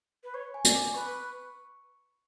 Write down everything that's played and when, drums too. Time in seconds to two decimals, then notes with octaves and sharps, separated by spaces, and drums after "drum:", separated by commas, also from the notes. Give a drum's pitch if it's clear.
0.24 B4
0.34 C#5 C#6
0.54 G#5
0.64 D5, drum: hi-hat
0.75 D6
0.94 B4 C#6